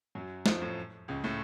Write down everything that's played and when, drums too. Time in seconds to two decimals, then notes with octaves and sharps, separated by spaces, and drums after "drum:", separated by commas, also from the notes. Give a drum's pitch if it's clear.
0.15 F#2 F#3
0.46 F2 F3, drum: snare
0.62 A2
1.08 C#2 C#3
1.24 A2 A3